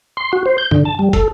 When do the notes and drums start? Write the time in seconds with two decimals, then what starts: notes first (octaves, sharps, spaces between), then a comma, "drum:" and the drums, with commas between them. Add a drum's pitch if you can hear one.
0.17 C6
0.33 F#4
0.46 C5
0.58 G6
0.71 D3, drum: tom G2
0.85 A5
0.99 G3
1.13 A4, drum: kick, hi-hat